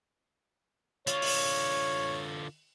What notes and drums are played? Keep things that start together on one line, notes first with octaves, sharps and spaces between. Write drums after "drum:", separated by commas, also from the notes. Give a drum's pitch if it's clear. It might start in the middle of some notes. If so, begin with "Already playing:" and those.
D3 F4 C#5, drum: hi-hat
drum: open hi-hat